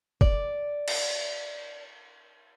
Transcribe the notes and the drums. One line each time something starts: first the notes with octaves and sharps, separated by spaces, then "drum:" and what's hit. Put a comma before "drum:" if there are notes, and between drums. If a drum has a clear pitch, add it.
D5, drum: kick G1
drum: cymbal